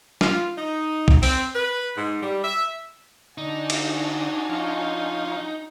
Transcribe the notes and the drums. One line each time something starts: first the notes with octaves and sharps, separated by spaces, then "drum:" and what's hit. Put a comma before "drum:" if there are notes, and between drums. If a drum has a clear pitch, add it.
F4, drum: snare
D#4
drum: kick B1
C4, drum: open hi-hat
B4
G#2
G3
E5
D3 D4 D#4 F#4 G#5
drum: cymbal
F3 C#4 F4